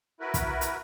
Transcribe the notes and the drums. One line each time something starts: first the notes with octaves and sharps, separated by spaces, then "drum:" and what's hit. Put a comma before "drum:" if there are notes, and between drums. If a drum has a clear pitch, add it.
E4 F#4 A#4 B4
drum: kick, hi-hat
drum: hi-hat